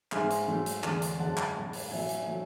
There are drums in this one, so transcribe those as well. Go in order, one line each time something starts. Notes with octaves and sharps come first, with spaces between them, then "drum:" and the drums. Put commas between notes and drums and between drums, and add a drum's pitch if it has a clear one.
G#2 G#3 E5 G#5, drum: clap
drum: hi-hat
G#2 F#3 A3
drum: hi-hat
E2 D3 G#3, drum: clap
drum: hi-hat
F#2 D3 G#3 F#5 A5
drum: clap
A2 G#3
drum: open hi-hat
A2 F#3 A3 E5 G#5
drum: hi-hat
F#3 A3